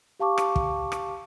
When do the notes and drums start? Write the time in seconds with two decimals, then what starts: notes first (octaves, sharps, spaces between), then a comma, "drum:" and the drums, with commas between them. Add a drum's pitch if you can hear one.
0.20 G4 F5 A5 C#6 D6
0.38 drum: rim click
0.56 drum: kick
0.92 drum: rim click